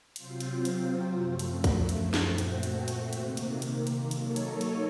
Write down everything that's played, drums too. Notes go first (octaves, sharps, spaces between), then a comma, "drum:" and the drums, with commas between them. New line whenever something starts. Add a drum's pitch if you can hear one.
C3 F#3 C4 F4 C5, drum: hi-hat
drum: hi-hat
drum: hi-hat
F#2 F3 A3
drum: hi-hat
drum: kick, hi-hat
drum: hi-hat
A#2 A3 C4 F#4 C5, drum: snare
drum: hi-hat
drum: hi-hat
drum: hi-hat
C3 D#3 A#3, drum: hi-hat
drum: hi-hat
drum: hi-hat
drum: hi-hat
F#3 A#3 D#4 A4 C#5, drum: hi-hat
drum: hi-hat
drum: hi-hat